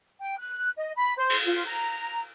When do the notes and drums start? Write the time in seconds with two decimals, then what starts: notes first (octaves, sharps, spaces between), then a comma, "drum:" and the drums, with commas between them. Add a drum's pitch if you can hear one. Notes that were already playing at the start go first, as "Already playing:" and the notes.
0.20 G5
0.38 F#6
0.77 D#5
0.95 B5
1.17 C5
1.30 drum: cymbal
1.45 F4
1.66 A#5